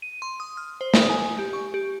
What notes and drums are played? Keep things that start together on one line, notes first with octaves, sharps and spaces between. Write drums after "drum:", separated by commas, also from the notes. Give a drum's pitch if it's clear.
D#7
C6
D#6
F6
C5
D#6, drum: snare
G#5
G4
C#6
G4